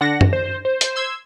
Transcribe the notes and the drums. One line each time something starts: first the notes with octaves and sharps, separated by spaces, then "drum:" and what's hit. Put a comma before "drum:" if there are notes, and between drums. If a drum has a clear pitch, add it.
D3 D4 F#5 A#6
drum: tom F#2
C5
C5
drum: hi-hat
C6 E6 G#6